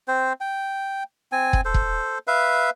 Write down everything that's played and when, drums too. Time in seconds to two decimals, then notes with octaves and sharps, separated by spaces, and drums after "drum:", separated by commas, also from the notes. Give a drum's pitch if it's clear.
0.08 C4 C5
0.41 G5
1.32 C4 G#5
1.53 drum: kick
1.65 A4 C5
1.74 drum: kick
2.27 B4 E5 F5